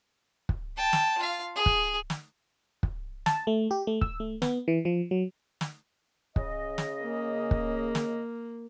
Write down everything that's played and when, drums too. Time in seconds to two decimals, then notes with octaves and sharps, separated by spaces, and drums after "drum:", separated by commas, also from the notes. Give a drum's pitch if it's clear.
0.49 drum: kick
0.77 G5 A5
0.93 drum: snare
1.18 F4 F5
1.55 G#4
1.66 drum: kick
2.10 drum: snare
2.83 drum: kick
3.26 A5, drum: snare
3.47 A3
3.71 G4
3.87 A3
4.01 E6, drum: kick
4.20 A3
4.42 B3, drum: snare
4.68 E3
4.85 F3
5.11 F#3
5.61 drum: snare
6.36 C#3 D#5, drum: kick
6.78 drum: snare
7.01 A#3
7.51 drum: kick
7.95 drum: snare